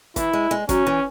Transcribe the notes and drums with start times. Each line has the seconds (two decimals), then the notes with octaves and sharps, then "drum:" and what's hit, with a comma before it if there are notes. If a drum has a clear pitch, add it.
0.16 E3 E4, drum: kick, hi-hat
0.33 G#3
0.51 G#3
0.69 F#3 C#4, drum: kick, hi-hat
0.87 E3